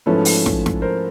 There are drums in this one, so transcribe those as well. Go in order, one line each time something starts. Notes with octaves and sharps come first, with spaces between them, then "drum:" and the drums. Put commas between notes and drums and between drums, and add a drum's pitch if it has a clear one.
G#2 F3 A3 C#4 E4 A4 B4
drum: open hi-hat
drum: snare
drum: snare
A#4 C5